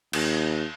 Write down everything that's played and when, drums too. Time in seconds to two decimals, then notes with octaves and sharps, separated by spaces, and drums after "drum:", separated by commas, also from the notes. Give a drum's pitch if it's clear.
0.13 D#2, drum: cymbal